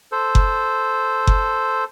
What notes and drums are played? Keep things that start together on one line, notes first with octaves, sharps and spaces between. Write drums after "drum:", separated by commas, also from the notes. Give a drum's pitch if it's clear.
A4 C5
drum: kick F#1
drum: kick F#1